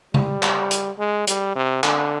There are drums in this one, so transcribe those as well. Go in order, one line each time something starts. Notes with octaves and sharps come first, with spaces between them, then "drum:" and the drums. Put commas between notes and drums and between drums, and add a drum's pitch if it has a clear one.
G3, drum: tom C#3
drum: clap
drum: hi-hat
G#3
G3, drum: hi-hat
C3
D3, drum: clap